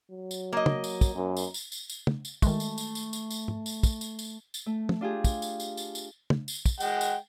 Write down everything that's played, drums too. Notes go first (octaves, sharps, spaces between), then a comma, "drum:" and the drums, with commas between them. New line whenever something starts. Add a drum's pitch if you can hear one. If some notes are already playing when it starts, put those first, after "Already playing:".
F#3
drum: tambourine
A#3 D#5
drum: tom
drum: tambourine
drum: kick, tambourine
F#2
drum: tambourine
drum: tambourine
drum: tambourine
drum: tambourine
drum: tom
drum: tambourine
D#3 G#3 A3, drum: kick, tambourine
drum: tambourine
drum: tambourine
drum: tambourine
drum: tambourine
drum: tambourine
drum: tom
drum: tambourine
drum: kick, tambourine
drum: tambourine
drum: tambourine
drum: tambourine
A3
drum: tom
D4 F4 G4 G#4
drum: kick, tambourine
drum: tambourine
drum: tambourine
drum: tambourine
drum: tambourine
drum: tom
drum: tambourine
drum: kick, tambourine
G#3 F#5 G5, drum: tambourine
drum: tambourine